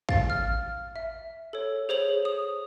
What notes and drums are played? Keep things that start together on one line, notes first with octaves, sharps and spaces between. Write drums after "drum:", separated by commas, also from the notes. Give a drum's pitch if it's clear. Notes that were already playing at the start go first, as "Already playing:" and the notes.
F5 A6, drum: kick
F6
E5
A4 C#5
G#4 C5 C#5 F7 F#7
D#6